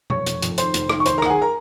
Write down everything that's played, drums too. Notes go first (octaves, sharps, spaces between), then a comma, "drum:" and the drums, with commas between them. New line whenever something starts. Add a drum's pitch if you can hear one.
F2 C#5 C#6, drum: tom B2
F1, drum: hi-hat
F2, drum: hi-hat
D#3 C5 C6, drum: hi-hat
F1, drum: hi-hat
D#3, drum: rim click
C#6
D#2 C5 C6, drum: hi-hat
A#4 A#5
D#2 F#5, drum: rim click
G#4 G#5
A#4 A#5